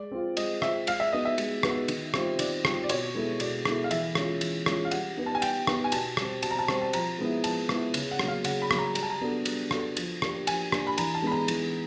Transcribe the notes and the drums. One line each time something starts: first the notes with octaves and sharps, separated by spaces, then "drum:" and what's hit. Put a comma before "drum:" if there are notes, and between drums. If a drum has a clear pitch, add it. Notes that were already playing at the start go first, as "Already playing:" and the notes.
Already playing: G#3 D5
C4 F4
G#3 D#5, drum: cymbal
C4 F4 E5, drum: rim click
G#3 F5, drum: cymbal
E5
B3 D#4 F#4 B4 D#5
E5
G#3, drum: cymbal
B3 D#4 F#4 B4, drum: rim click
D#3, drum: cymbal
G3 C4 F4, drum: rim click
D#3 D5, drum: cymbal
G3 C4 F4, drum: rim click
D5
B2 C#5, drum: cymbal
G#3 B3 E4 A4
B2 D5, drum: cymbal
G#3 B3 E4 A4, drum: rim click
F5
E3 E5, drum: cymbal
G#3 C#4 F4, drum: rim click
E3, drum: cymbal
G#3 C#4 F4, drum: rim click
F5
G3 F#5, drum: cymbal
B3 D#4 G4 B4
A5
G#5
G3 G5, drum: cymbal
B3 D#4 G4 B4, drum: rim click
G#5
B2 A5, drum: cymbal
G3 C4, drum: rim click
B2 A5, drum: cymbal
A#5
A5
G3 C4, drum: rim click
A5
F3 A#5, drum: cymbal
G#3 B3 E4
F3 A5, drum: cymbal
G#3 B3 E4, drum: rim click
C#3, drum: cymbal
F#5
F#3 A#3, drum: rim click
F5
C#3 F#5, drum: cymbal
B5
F#3 A#3, drum: rim click
A#5
G3 A#5, drum: cymbal
A5
A#5
B3 D4 F#4 A4
G3, drum: cymbal
B3 D4 F#4 A4, drum: rim click
F3, drum: cymbal
A#3 D4 G4 A#4, drum: rim click
F3 G#5, drum: cymbal
A#3 D4 G4 A#4, drum: rim click
B5
E3 A#5, drum: cymbal
A5
G#3 B3 D#4 B5
A#5
E3, drum: cymbal